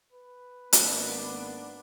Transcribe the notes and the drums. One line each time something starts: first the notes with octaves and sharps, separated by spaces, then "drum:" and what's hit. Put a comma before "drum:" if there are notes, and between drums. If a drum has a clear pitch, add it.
B4
G#1 A#3 B3 D4, drum: hi-hat